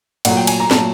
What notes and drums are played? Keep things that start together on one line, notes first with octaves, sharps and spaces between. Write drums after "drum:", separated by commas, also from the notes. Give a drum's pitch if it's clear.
A#2 F#3 A3 F#5, drum: cymbal
G5
G#5, drum: cymbal
A#5
A#2 F#3 A3 A5, drum: snare